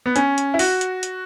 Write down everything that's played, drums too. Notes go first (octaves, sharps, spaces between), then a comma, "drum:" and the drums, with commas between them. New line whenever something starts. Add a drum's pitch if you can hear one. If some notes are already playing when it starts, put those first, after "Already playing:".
B3
C#4, drum: hi-hat
drum: hi-hat
E4
F#4, drum: open hi-hat
drum: hi-hat
drum: hi-hat